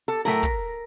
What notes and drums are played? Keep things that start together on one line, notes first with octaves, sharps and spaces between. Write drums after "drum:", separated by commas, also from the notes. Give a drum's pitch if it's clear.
A4
A2 F#3 A3 A#4
drum: kick